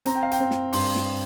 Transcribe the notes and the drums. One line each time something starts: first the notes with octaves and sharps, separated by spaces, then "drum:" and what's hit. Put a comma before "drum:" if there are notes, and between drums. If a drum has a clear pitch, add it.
C4 A#5, drum: hi-hat
G5
F5
G5, drum: hi-hat
C4
drum: snare
G2 C6, drum: open hi-hat
drum: snare